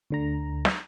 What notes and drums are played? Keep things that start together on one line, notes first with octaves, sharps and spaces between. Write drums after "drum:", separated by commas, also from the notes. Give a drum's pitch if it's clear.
D2 D3 A#5
drum: snare